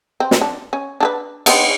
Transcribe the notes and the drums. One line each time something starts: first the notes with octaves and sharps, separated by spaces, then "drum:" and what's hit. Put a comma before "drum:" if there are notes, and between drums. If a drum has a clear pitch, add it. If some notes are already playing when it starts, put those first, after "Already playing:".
C4
drum: snare
D4
C#4
D4 A4 B4
D#3 B3 C4, drum: cymbal